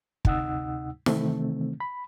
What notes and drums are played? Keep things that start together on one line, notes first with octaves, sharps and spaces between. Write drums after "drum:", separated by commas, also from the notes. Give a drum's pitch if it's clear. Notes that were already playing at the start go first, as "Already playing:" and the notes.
D2 C3 D#4 F#5 D#6 E6, drum: kick
C3 D#3 E3 A3 C4, drum: snare
B5